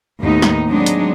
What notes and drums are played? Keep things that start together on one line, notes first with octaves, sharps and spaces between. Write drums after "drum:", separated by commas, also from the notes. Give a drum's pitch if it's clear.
D#2 A2 B3 D#4
drum: snare
F#3 G#3 B3 C4 D4 D#4
drum: hi-hat